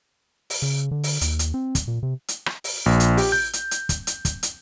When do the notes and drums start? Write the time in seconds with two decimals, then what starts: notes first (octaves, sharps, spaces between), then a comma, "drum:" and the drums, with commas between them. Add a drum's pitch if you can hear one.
0.50 drum: open hi-hat
0.62 C#3
0.91 D3
1.03 drum: open hi-hat
1.21 D#2, drum: hi-hat
1.39 drum: hi-hat
1.54 C4
1.75 drum: kick, hi-hat
1.88 A#2
2.03 C3
2.28 drum: hi-hat
2.46 drum: rim click
2.64 drum: open hi-hat
2.86 A#1
3.00 drum: hi-hat
3.17 G4, drum: open hi-hat
3.32 G6
3.53 drum: hi-hat
3.71 drum: hi-hat
3.89 drum: kick, hi-hat
4.07 drum: hi-hat
4.25 drum: kick, hi-hat
4.43 drum: hi-hat